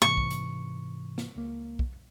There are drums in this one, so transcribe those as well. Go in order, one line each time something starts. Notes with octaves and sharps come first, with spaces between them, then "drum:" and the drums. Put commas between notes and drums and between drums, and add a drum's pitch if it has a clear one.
G#2 C3 E3 C#6, drum: snare
drum: kick
drum: hi-hat
drum: snare
C#2 A#3
drum: kick